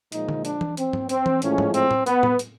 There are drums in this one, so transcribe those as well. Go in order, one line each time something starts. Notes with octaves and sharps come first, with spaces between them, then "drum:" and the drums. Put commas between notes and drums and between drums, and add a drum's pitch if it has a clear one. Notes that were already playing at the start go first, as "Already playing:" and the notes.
A#2 F3 G#3 D#4, drum: hi-hat
drum: tom D3
D4, drum: hi-hat
drum: tom E3
C4, drum: hi-hat
drum: tom G#2
C4, drum: hi-hat
drum: tom E3
A2 F3 G#3 C#4, drum: hi-hat
drum: tom G#2
C4, drum: hi-hat
drum: tom A2
B3, drum: hi-hat
drum: tom A2
drum: hi-hat